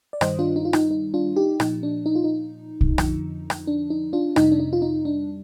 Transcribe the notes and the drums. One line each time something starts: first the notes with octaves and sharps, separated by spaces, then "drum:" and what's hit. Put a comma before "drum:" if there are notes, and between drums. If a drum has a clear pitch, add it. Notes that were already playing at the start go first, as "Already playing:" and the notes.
D5
G2 D#3 G3 C5 D#5, drum: rim click
D4 F4
D#4
F4
D#4, drum: rim click
D#4
D4 F4
D#4 G4
A#2 F3 D#4, drum: rim click
D4
D#4
F4
D#4
drum: kick B1
F2 D3 F3, drum: rim click
drum: rim click
D4
D#4
D4 F4
F2 C3 G3 D#4, drum: rim click
D4
D#4
F4
D#4
D4